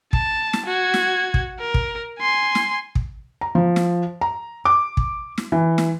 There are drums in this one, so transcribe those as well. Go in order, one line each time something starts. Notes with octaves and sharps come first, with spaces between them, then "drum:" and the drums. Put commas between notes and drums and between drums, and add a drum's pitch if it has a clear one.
A5, drum: kick
drum: snare
F#4 G#6
drum: snare
drum: kick
A#4
drum: kick
G#5 C6
drum: snare
drum: kick
A#5
F3
drum: snare
A#5
D6
drum: kick
drum: snare
E3
drum: snare